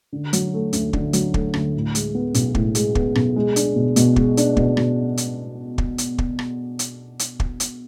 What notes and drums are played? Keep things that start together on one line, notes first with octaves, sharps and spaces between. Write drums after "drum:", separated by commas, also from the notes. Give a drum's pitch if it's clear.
D3
F#3, drum: hi-hat
A3
D2, drum: hi-hat
D3, drum: kick
F#3, drum: hi-hat
A3, drum: kick
D2, drum: rim click
A2
G#3, drum: hi-hat
B3
B1, drum: hi-hat
A2, drum: kick
G#3, drum: hi-hat
B3, drum: kick
B1, drum: rim click
G#3
D4, drum: hi-hat
B2
B2, drum: hi-hat
G#3, drum: kick
D4, drum: hi-hat
B2, drum: kick
B2, drum: rim click
drum: hi-hat
drum: kick
drum: hi-hat
drum: kick
drum: rim click
drum: hi-hat
drum: hi-hat
drum: kick
drum: hi-hat